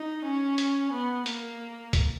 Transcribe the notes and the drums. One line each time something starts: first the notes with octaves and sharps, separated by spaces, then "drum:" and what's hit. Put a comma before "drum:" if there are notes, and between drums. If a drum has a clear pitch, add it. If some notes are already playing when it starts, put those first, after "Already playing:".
Already playing: D#4
C#4
drum: hi-hat
B3
A#3, drum: hi-hat
drum: kick B1, hi-hat